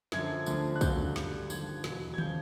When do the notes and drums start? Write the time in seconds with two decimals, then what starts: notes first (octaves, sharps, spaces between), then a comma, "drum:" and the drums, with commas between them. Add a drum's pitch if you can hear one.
0.12 F#2 D3 F3 G#6, drum: snare
0.46 D2 D3 F3, drum: tambourine
0.75 F#6
0.81 D2 C#3 F#3 G6, drum: kick, tambourine
1.16 G2 D3 G3, drum: snare
1.50 D#2 D3 F3 G#6, drum: tambourine
1.84 E2 B2 F#3, drum: snare
2.14 G#6
2.18 C#3 F3 G6, drum: tom D3